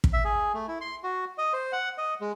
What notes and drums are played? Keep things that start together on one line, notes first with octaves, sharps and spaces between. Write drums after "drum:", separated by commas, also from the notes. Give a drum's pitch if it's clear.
drum: kick
E5
G#4
A3
E4
C6
F#4
D#5
C5
F#5
D#5
G#3